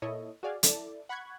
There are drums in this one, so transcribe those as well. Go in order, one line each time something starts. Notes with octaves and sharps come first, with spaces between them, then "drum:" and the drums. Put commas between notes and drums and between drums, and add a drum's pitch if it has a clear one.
A#2 E4 A4 C#5 D#5
F#4 G#4 D5 F5 G#5
E4 A4 D5, drum: hi-hat
F#5 B5 C#6 F#6 G#6